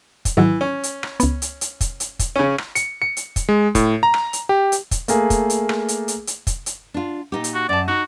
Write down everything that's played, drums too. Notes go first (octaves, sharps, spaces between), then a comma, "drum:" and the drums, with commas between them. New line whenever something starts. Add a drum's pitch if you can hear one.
drum: kick, hi-hat
G#2 D#3 E3 F#3
C#4
drum: hi-hat
drum: rim click
C#2 B3, drum: hi-hat
drum: hi-hat
drum: hi-hat
drum: kick, hi-hat
drum: hi-hat
drum: kick, hi-hat
C#3 C#4
drum: rim click
C#7, drum: hi-hat
C#7
drum: hi-hat
drum: kick, hi-hat
G#3
A2, drum: kick, hi-hat
A#5
drum: rim click
drum: hi-hat
G4
drum: hi-hat
drum: kick, hi-hat
A3 A#3 G#4, drum: hi-hat
drum: kick, hi-hat
drum: hi-hat
drum: rim click
drum: hi-hat
drum: hi-hat
drum: hi-hat
drum: kick, hi-hat
drum: hi-hat
D4 F4
A#2 D#4 G4
drum: hi-hat
F#4
F#2 D5 A5
D#4 F#4